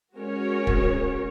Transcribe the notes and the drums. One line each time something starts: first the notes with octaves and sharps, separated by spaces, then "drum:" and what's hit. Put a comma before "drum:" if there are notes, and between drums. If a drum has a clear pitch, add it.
G#3 C#4 F#4 A#4 C#5
drum: kick